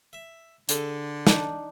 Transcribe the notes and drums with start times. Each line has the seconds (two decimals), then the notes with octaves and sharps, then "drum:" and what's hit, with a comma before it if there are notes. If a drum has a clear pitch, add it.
0.13 E5
0.69 D3 G#4 A4 G5, drum: hi-hat
1.27 D4 D#4, drum: snare